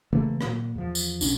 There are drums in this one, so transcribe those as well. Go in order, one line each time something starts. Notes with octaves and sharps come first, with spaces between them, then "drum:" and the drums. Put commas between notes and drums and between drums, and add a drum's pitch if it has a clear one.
C#3 E3 A3 A#3
A#2 A#3, drum: rim click
E2 F3
drum: tambourine
B1 C#4 D4, drum: tambourine